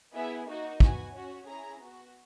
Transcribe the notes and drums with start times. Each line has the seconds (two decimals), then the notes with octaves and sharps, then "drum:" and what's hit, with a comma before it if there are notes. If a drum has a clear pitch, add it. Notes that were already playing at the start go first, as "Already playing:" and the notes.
0.15 B3 E4 G#4 E5
0.48 A#3 D#4 F#4
0.80 B3 F#4 G#5, drum: kick
1.13 C#4 F#4
1.47 C#4 E4 G#4 A#5
1.80 B3 F#4